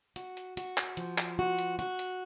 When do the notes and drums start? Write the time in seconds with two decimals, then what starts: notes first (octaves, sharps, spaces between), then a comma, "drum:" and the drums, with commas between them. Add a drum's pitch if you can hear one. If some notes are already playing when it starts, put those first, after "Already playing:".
0.16 F#4, drum: hi-hat
0.37 drum: hi-hat
0.57 F#4, drum: hi-hat
0.77 drum: clap
0.97 F3, drum: hi-hat
1.18 drum: clap
1.39 F#4
1.59 drum: hi-hat
1.79 F#4, drum: hi-hat
1.99 drum: hi-hat